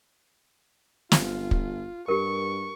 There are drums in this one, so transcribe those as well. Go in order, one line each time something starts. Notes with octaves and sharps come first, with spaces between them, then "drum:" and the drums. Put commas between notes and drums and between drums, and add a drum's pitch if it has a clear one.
G1 F4, drum: snare
drum: kick
G2 G4 A#4 C#6